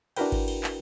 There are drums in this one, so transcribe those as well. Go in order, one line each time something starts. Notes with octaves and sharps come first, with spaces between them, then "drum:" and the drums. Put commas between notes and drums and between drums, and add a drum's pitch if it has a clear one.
D4 E4 F#4 A#4 B4 G5, drum: cymbal
drum: kick G#1, cymbal
drum: cymbal
drum: clap